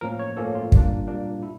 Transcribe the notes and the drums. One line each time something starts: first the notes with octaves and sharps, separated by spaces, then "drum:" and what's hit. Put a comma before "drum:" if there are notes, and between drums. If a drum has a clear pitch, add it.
A2 F3 A#3 C#4 A#4
C#5
A2 F3 A#3 C#4 A4
F4
A#2 G3 A#3 D4, drum: kick
A#2 G3 A#3 D4
E4